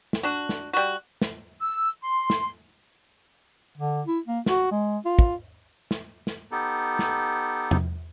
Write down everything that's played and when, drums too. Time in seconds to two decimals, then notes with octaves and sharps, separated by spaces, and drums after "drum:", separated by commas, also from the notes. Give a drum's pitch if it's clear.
0.13 drum: snare
0.23 D4 F#4
0.49 drum: snare
0.73 G3 F#4
1.22 drum: snare
1.60 E6
2.02 C6
2.30 drum: snare
3.77 D3
4.07 E4
4.27 A#3
4.46 F#4, drum: snare
4.71 G#3
5.05 F4
5.19 drum: kick
5.91 drum: snare
6.27 drum: snare
6.52 B3 D#4 G4 A4
6.99 drum: snare
7.71 drum: tom E2